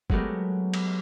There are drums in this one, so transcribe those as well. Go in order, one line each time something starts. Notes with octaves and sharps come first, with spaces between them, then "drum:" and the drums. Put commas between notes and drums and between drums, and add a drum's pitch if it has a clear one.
F#3 G#3 A3 B3 G4 A#4, drum: kick
drum: cymbal